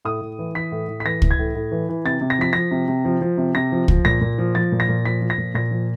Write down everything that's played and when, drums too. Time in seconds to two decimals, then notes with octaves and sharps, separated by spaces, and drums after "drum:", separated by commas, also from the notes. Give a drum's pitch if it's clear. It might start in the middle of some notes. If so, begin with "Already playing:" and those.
0.05 A2 D#6
0.21 A2
0.39 E3
0.55 E3 B6
0.72 A2
0.88 A2
1.00 B6
1.05 E3 A#6
1.22 E3, drum: kick
1.31 G#6
1.39 A2
1.55 A2
1.72 E3
1.89 E3
2.05 C3 A6
2.21 C3
2.30 A#6
2.38 F3 B6
2.53 F3 A#6
2.71 C3
2.88 C3
3.05 F3
3.21 F3
3.38 C3
3.55 C3 A#6
3.72 F3
3.88 F3, drum: kick
4.05 A#2 A#6
4.21 A#2
4.38 F3
4.55 F3 A6
4.72 A#2
4.80 A#6
4.88 A#2
5.05 F3 B6
5.22 F3
5.30 A#6
5.38 A#2
5.54 A#2 A#6
5.71 F3